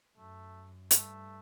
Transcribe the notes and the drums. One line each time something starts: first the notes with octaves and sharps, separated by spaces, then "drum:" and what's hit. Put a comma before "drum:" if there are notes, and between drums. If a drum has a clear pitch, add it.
F#2 A3
G2 A3, drum: hi-hat